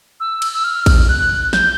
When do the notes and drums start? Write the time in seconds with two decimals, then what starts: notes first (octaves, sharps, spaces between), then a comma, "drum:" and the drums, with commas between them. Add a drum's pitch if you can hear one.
0.20 E6
0.42 drum: cymbal
0.54 E6
0.64 F6
0.86 drum: kick, cymbal
1.09 F#6
1.53 G6, drum: snare